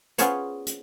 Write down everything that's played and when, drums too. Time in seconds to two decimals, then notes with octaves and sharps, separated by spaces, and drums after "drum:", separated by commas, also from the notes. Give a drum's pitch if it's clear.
0.18 B3 C#4 F4 G#4 C5 C#5, drum: hi-hat
0.67 drum: hi-hat